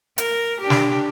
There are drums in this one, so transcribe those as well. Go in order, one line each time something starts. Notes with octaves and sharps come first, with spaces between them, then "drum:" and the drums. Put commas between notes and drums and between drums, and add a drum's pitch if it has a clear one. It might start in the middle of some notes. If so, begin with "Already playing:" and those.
A#4, drum: hi-hat
D4 G4
drum: snare